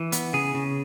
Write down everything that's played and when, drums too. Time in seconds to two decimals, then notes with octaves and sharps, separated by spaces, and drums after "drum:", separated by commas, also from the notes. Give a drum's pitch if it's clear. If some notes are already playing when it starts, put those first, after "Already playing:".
Already playing: E3
0.12 B3, drum: hi-hat
0.33 C#3 G#4
0.55 C#3